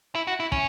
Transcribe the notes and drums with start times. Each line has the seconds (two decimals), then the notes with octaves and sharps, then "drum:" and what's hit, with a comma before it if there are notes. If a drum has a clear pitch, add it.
0.15 E4
0.27 F#4
0.40 E4
0.52 C#4, drum: kick